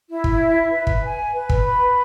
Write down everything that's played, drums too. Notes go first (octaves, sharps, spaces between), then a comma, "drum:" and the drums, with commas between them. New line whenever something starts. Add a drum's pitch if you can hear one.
E4
drum: kick
E5
B4
drum: kick
G#5
B4
drum: kick
B5